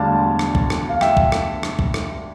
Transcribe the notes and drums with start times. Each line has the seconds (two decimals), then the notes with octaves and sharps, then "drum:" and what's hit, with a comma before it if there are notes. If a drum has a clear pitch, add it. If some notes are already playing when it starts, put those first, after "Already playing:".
Already playing: E1 D2 D3 G3 D4 F5 A5
0.39 drum: rim click
0.55 drum: kick
0.70 drum: rim click
0.89 F5
1.01 E5 G5, drum: rim click
1.17 drum: kick
1.32 drum: rim click
1.63 drum: rim click
1.79 drum: kick
1.94 drum: rim click